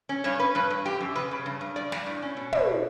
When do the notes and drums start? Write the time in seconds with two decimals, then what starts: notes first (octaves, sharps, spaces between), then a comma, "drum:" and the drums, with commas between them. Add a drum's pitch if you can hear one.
0.09 C#4
0.24 G2 C#5
0.39 C#4 B4
0.55 G2 B4
0.70 G2
0.85 F#2 G4
1.01 F#2
1.16 C#3 B4
1.31 C#3
1.46 G2
1.61 G2
1.76 G2 D5
1.92 G2, drum: snare
2.06 A2
2.22 C#4
2.37 B2
2.53 B2, drum: tom